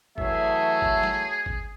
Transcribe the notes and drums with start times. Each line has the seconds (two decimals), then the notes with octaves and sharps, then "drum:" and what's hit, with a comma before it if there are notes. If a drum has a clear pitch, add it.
0.18 E3 F#3 A3 G#4 E5, drum: kick
0.82 drum: kick
1.03 drum: snare
1.46 drum: kick